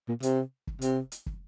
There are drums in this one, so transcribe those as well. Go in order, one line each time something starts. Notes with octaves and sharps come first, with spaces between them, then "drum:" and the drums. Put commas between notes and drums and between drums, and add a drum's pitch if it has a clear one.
A#2
C3, drum: hi-hat
drum: kick
C3, drum: hi-hat
drum: hi-hat
drum: kick